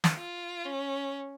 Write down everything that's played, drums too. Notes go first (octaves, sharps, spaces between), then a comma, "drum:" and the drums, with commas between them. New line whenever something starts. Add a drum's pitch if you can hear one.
drum: snare
F4
C#4